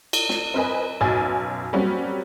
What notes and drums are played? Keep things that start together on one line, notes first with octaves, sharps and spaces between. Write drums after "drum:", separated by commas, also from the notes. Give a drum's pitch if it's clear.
drum: cymbal
drum: snare
C4 A#4 B4 D#5 G#5
B1 F#2 F#3 G#5 A6
F#3 G3 A#3 C4 C#4 F#4